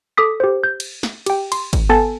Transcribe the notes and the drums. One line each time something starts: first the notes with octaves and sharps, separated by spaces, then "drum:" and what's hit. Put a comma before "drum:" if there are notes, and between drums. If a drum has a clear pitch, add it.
A4 D6 D#6 B6
G4 C5
G6
drum: cymbal
drum: snare
G4 G5, drum: cymbal
C6, drum: cymbal
drum: kick, cymbal
B3 A4 G#5 A5 A6